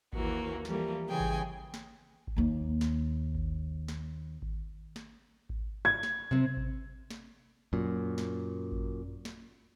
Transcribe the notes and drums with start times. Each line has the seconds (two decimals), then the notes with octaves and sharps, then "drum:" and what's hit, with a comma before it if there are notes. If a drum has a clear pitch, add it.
0.13 D#2 E3 A#3 F#4, drum: kick G#1
0.65 E3 F3 G3 A3 A#3, drum: snare
1.09 C#3 E3 G#4 G5 G#5
1.20 drum: kick G#1
1.74 drum: snare
2.27 drum: kick G#1
2.37 D#2 A#3
2.81 drum: snare
3.35 drum: kick G#1
3.88 drum: snare
4.42 drum: kick G#1
4.96 drum: snare
5.49 drum: kick G#1
5.85 G#6
6.03 drum: snare
6.31 C3 C4
6.57 drum: kick G#1
7.11 drum: snare
7.73 F#2 A#2
8.18 drum: snare
8.72 drum: kick G#1
9.25 drum: snare